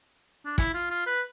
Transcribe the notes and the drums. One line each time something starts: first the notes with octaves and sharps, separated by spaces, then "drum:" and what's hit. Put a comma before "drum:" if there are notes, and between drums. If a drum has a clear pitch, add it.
D4
E4, drum: kick, hi-hat
F4
F4
B4